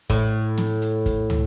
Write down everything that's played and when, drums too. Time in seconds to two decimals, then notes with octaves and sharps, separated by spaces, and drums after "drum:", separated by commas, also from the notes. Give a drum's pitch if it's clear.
0.10 A2, drum: kick, hi-hat
0.58 drum: snare
0.82 drum: hi-hat
1.06 drum: kick, hi-hat
1.30 drum: tom